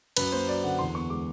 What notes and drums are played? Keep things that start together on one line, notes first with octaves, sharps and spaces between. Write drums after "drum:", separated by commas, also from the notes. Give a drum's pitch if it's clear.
F#2 B4, drum: cymbal
A#3 C5
F#3 D5
D3 F#5
E2 C6
B3 C#6
G#3 D6